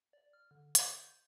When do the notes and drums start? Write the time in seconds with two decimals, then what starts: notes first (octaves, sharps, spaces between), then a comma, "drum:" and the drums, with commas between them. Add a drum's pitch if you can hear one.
0.13 D5
0.33 F6
0.51 D3
0.75 G6, drum: hi-hat